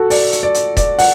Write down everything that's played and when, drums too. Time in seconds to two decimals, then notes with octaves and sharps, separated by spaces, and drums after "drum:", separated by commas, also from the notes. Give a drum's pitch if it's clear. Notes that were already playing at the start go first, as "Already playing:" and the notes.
Already playing: F#4 A4
0.10 D5, drum: open hi-hat
0.32 drum: hi-hat
0.43 D5
0.54 drum: hi-hat
0.77 D5, drum: kick E1, hi-hat
0.99 F#5, drum: open hi-hat